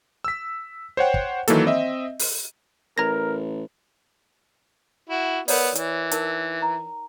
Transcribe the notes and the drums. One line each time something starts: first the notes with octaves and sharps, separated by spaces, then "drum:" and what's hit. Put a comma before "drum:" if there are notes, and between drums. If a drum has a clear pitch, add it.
E6 B6
C5 C#5 F#5 G5
drum: kick
D#3 E3 F#3 A#3 A4, drum: hi-hat
C4 D#5 E5
drum: open hi-hat
A1 A#4 A#5 G#6 A#6
E4 F#4
B3 A#4 C#5 D5, drum: open hi-hat
E3, drum: hi-hat
D#4 A#4, drum: hi-hat
A#5